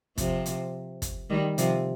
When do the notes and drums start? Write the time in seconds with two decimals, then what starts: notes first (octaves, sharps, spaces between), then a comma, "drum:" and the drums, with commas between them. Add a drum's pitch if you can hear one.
0.18 C3 F3, drum: kick, hi-hat
0.46 drum: hi-hat
1.02 drum: kick, hi-hat
1.30 D#3 G3
1.58 C3 F3, drum: hi-hat